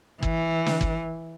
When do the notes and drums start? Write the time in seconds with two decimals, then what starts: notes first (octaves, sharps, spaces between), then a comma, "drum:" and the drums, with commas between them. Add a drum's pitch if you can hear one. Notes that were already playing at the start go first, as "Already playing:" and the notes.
0.23 E3, drum: kick
0.66 drum: snare
0.81 drum: kick